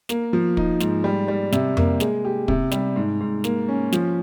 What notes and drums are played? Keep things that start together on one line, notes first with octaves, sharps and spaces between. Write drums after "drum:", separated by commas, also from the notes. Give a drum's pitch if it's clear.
A#3, drum: snare
F3
D#4, drum: kick
G#2, drum: snare
G3
G3
C3, drum: snare
A#3, drum: tom F2
G#3, drum: snare
G4
C3, drum: kick
G3, drum: snare
G#2
G#2
A#3, drum: snare
C#4
F3, drum: snare